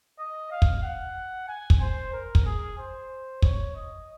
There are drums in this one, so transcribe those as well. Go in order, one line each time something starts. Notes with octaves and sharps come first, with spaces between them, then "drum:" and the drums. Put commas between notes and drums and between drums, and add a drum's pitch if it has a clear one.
D#5
F5
drum: kick
F#5
G#5
drum: kick
C5
A#4
drum: kick
G#4
C5
C#5, drum: kick
D#5